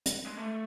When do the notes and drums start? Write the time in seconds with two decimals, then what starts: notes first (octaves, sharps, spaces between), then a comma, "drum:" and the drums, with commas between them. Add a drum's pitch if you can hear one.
0.06 drum: hi-hat
0.26 G#3
0.37 A3